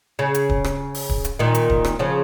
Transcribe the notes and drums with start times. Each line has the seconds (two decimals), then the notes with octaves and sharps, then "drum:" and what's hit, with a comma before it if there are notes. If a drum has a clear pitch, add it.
0.19 C#3
0.34 drum: hi-hat
0.49 drum: kick
0.64 drum: rim click
0.94 drum: open hi-hat
1.09 drum: kick
1.24 drum: hi-hat
1.39 A#2 D#3
1.55 drum: hi-hat
1.70 drum: kick
1.85 drum: rim click
1.99 C#3 F3